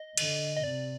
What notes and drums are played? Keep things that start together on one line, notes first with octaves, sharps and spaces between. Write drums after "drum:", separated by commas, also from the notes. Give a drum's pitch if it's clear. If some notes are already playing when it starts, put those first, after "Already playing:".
Already playing: D#5
D3, drum: cymbal
D#5
C3 D5